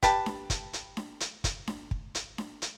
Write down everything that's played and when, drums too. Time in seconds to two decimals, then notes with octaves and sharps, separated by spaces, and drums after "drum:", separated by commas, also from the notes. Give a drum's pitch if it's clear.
0.03 G4 B4 A5, drum: kick, hi-hat
0.26 drum: snare D4
0.50 drum: kick, hi-hat
0.73 drum: hi-hat
0.97 drum: snare D4
1.20 drum: hi-hat
1.44 drum: kick, hi-hat
1.67 drum: snare D4
1.91 drum: kick
2.15 drum: hi-hat
2.38 drum: snare D4
2.62 drum: hi-hat